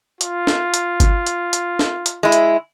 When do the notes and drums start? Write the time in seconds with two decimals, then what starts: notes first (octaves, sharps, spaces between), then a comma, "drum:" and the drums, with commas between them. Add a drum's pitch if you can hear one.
0.21 F4, drum: hi-hat
0.47 drum: snare
0.74 drum: hi-hat
1.00 drum: kick G1, hi-hat
1.27 drum: hi-hat
1.53 drum: hi-hat
1.79 drum: snare
2.06 drum: hi-hat
2.23 G#3 E4
2.32 drum: hi-hat